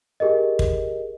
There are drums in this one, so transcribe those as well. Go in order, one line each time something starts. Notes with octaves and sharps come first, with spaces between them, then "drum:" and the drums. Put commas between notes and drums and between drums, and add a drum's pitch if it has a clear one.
G4 G#4 A#4 D#5
drum: kick